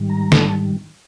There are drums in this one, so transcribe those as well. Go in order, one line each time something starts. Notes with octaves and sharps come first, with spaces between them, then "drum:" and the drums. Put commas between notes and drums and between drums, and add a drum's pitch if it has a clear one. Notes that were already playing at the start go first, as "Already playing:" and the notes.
Already playing: G#2 D#3 G3
A#5
A5, drum: snare